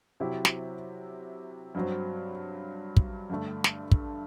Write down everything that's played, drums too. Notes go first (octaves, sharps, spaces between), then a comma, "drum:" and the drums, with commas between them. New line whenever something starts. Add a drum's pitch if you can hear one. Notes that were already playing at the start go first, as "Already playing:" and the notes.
C3 F#3 C4 E4 G4
drum: snare
G2 F#3 C4
drum: kick
G2 D3 A3
drum: snare
drum: kick